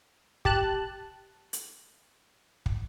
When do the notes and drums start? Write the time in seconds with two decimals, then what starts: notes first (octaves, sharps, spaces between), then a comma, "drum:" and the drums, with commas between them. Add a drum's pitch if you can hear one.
0.45 G4 A5 F#6, drum: kick
1.53 drum: hi-hat
2.66 drum: kick